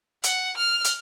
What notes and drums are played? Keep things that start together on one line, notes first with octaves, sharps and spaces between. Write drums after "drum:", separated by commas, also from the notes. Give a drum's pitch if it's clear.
F#5, drum: hi-hat
F6
drum: hi-hat